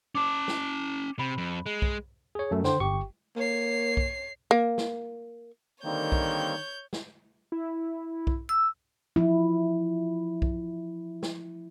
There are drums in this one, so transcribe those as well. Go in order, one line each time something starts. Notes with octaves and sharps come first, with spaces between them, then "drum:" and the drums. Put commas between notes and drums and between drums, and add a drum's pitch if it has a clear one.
C#4 A5 D6
drum: snare
C3 B5
F2
G#3
drum: kick B1
G#4 C#5
F#2 A3
D3 C5 G5, drum: snare
G1 G4 C#6
A#3 C#5 C7
drum: kick B1
A#3
drum: snare
D3 D#3 G3 A#3 C4 C#5 G6
drum: kick B1
drum: snare
E4
drum: kick B1
E6
F3 E4
drum: kick B1
drum: snare